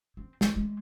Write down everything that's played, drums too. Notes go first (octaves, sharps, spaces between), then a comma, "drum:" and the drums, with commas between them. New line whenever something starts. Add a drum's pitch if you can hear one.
C4
C2, drum: snare
G#3 A3